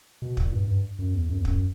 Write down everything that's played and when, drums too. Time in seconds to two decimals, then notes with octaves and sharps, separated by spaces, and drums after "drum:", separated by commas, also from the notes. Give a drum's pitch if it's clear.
0.22 B2
0.37 A#2, drum: kick
0.53 G2
0.67 G2
0.99 F#2
1.14 E2
1.29 F#2
1.38 E2
1.45 F#2, drum: kick